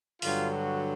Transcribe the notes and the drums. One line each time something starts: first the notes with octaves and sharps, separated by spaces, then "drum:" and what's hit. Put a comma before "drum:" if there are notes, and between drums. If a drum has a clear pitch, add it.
G2 D3 F#3 F4, drum: open hi-hat
F#4